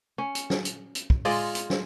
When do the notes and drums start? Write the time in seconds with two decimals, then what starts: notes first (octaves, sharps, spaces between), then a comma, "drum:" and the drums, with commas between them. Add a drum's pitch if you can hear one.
0.18 C#4
0.35 drum: hi-hat
0.50 drum: snare
0.65 drum: hi-hat
0.95 drum: hi-hat
1.10 drum: kick
1.25 G#3 F4 D5 D#5, drum: open hi-hat
1.55 drum: hi-hat
1.70 drum: snare